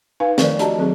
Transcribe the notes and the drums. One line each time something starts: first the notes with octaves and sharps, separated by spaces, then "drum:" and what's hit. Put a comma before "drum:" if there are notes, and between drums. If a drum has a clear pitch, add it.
D#4 B4 F5 G#5
D#3 F3 A3 A#4 C5 D5, drum: snare
D4 F#4 G4 D#5 A5 A#5, drum: hi-hat
D#3 F#3 C4 G#4 A4